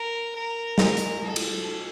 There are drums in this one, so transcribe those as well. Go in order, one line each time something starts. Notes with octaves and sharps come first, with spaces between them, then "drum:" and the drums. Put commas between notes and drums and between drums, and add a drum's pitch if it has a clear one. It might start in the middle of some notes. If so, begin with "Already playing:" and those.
Already playing: A#4
A#4
drum: snare
drum: hi-hat
A4
drum: cymbal